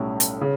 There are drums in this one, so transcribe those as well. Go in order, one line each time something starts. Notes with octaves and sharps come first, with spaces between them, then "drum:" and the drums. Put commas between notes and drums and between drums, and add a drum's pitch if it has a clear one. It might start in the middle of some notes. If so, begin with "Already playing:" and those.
Already playing: B1 A2 G3 C#4 E4
drum: hi-hat
C#3